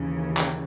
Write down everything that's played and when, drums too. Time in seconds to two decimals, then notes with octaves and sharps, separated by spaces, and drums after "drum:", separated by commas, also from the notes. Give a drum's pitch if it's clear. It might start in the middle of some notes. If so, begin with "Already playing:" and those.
Already playing: D#2 C#3 E3
0.37 drum: clap